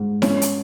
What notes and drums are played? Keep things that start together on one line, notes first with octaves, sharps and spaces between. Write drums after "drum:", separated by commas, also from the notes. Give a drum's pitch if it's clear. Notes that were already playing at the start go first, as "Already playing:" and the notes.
Already playing: G#2
C#4, drum: snare E4
drum: hi-hat